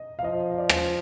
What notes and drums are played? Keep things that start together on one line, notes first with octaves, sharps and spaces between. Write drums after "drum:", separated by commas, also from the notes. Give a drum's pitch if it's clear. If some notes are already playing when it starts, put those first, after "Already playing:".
Already playing: D#5
F5
F3 D#5
D#5
D5
drum: rim click